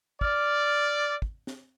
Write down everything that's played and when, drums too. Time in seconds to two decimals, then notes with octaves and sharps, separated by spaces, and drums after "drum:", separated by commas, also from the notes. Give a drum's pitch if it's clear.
0.21 D5 F6, drum: kick
1.22 drum: kick
1.47 drum: snare